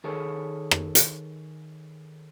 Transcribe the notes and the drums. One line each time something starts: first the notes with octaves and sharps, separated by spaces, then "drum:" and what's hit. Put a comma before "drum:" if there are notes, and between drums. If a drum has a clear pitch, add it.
D#3 G#4 A4 C#5
drum: rim click
drum: hi-hat